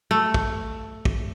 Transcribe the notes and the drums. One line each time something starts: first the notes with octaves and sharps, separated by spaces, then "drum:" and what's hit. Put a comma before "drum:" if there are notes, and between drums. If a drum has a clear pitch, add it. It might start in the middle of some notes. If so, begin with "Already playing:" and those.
A3
drum: kick
drum: kick